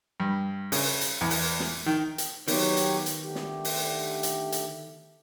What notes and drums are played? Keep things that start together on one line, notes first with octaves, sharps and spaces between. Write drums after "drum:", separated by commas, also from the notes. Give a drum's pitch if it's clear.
G2
C#3, drum: open hi-hat
drum: hi-hat
E2
drum: open hi-hat
drum: snare
D#3
drum: hi-hat
D#3 F#3 B3 G4 C#5, drum: open hi-hat
drum: hi-hat
drum: hi-hat
D3 A3 G4
drum: snare
drum: open hi-hat
drum: hi-hat
drum: hi-hat